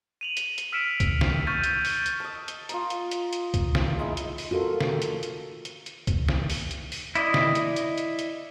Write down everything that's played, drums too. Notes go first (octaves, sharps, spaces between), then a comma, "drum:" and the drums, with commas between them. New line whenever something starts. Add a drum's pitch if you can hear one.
D#7 F7 F#7
drum: hi-hat
drum: hi-hat
E6 F6 B6 C#7 D7 E7
drum: kick C2, hi-hat
drum: snare
C#6 F6 G6 A6 D#7
drum: hi-hat
drum: open hi-hat
drum: hi-hat
D#5 A5
drum: hi-hat
F4 D#5 A#5, drum: hi-hat
drum: hi-hat
drum: hi-hat
drum: hi-hat
drum: kick C2, hi-hat
drum: snare
G#3 D#4 E4 E6
drum: hi-hat
drum: open hi-hat
F4 F#4 A4 A#4
drum: snare
drum: hi-hat
drum: hi-hat
drum: hi-hat
drum: hi-hat
drum: kick C2, hi-hat
drum: snare
drum: open hi-hat
drum: hi-hat
drum: open hi-hat
E4 D5 D#5, drum: hi-hat
drum: snare
drum: hi-hat
drum: hi-hat
drum: hi-hat
drum: hi-hat